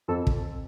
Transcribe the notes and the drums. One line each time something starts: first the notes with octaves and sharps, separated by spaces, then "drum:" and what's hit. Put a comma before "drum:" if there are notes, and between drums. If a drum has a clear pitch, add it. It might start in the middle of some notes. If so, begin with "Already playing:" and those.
F2 A4
drum: kick